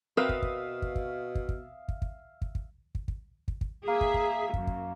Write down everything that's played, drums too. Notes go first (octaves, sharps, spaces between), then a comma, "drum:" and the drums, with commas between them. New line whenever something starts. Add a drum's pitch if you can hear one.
B2 C4 A#4 B4 E5 F5 D#6
drum: kick
drum: kick
drum: kick
drum: kick
drum: kick
drum: kick
drum: kick
drum: kick
drum: kick
drum: kick
drum: kick
drum: kick
drum: kick
drum: kick
A#3 G#4 E5
drum: kick
drum: kick
F#2, drum: kick
drum: kick